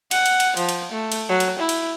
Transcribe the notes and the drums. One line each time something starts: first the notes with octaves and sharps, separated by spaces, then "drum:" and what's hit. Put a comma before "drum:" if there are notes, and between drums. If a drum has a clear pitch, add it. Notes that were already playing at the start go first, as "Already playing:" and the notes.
F#5, drum: cymbal
drum: cymbal
drum: cymbal
F3, drum: cymbal
drum: cymbal
A3
drum: cymbal
F#3
drum: cymbal
E4
drum: cymbal